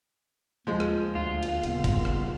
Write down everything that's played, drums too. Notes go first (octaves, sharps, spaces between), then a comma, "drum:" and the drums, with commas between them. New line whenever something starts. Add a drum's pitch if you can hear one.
D#2 F3 G#3
drum: rim click
D2 F4
drum: cymbal
D#1 C#3 B3, drum: cymbal
drum: kick, cymbal
drum: rim click